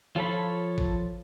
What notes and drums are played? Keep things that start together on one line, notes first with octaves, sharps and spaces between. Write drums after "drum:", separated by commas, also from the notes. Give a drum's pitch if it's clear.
F3 F4 A4 C#5 B5
drum: kick G#1